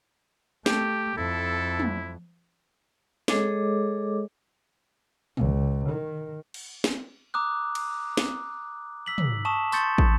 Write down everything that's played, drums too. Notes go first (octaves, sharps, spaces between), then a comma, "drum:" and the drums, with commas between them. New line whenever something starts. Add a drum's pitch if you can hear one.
A3 G4, drum: snare
F2 E4 A4
drum: tom
G#3 G#4 A4 C#5 D#5 D6, drum: snare
C#2, drum: tom
D#3
drum: cymbal
drum: snare
A#5 D6 D#6 F#6
drum: cymbal
drum: snare
E6 B6 F#7
drum: tom
A5 C#6 D#6 E7
C6 C#6 G6 A6 C#7, drum: tambourine
drum: kick